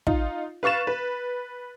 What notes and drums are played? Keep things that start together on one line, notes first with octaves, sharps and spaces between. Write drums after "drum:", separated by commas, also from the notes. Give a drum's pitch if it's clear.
D#4 F4, drum: kick
B4 F5 C#6 A6 E7
B4